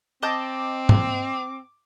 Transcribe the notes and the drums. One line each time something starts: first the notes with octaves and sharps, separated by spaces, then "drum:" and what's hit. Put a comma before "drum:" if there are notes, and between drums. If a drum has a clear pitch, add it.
C4 D#5 A5 D6 G6
drum: tom G#2